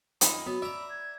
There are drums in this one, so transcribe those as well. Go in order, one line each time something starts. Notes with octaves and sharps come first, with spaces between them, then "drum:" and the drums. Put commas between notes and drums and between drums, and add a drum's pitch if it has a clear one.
F#2 D#4 F4 B5, drum: hi-hat
F#3 B3
D5 E5 A#5
G#6